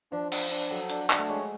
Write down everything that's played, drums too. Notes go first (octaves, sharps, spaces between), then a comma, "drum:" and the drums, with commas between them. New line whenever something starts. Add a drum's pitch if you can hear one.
F3 D4
D4, drum: cymbal
D4
F#3 A4
D4, drum: hi-hat
D4, drum: clap
A3
G#3 C#5